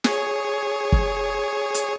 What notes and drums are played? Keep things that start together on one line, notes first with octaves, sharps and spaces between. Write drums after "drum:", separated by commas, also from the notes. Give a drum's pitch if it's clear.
G#4 C#5, drum: snare
drum: kick
drum: hi-hat